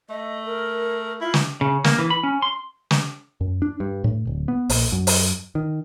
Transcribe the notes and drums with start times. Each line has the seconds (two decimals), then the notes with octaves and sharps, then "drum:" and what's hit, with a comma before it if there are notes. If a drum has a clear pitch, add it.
0.10 A3 D#5
0.46 A#4
1.21 E4 F4
1.34 drum: snare
1.61 C#3
1.84 A#3, drum: snare
1.99 E3
2.10 B5
2.23 C#4
2.42 C6
2.91 drum: snare
3.41 F#2
3.62 D4
3.80 G2
4.04 A2
4.27 D1
4.48 B3
4.70 A#1, drum: open hi-hat
4.92 F#2
5.07 drum: open hi-hat
5.55 D#3